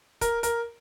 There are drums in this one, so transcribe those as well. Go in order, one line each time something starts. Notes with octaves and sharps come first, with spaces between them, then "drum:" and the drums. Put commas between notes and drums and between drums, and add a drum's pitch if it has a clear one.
A#4, drum: kick, hi-hat
A#4, drum: hi-hat